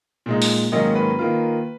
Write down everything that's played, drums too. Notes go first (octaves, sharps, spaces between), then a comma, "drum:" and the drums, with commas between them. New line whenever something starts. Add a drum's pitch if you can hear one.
A#2 G#3 D#4
drum: open hi-hat
G#2 D#3 F#3 A#3 C#4 D#5
B4
D#3 A#3 F4